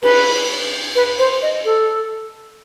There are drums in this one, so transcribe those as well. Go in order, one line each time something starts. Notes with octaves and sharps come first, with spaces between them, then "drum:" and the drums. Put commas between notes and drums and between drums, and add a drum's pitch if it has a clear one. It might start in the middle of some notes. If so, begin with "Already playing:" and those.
B4, drum: cymbal
B4
C5
D#5
A4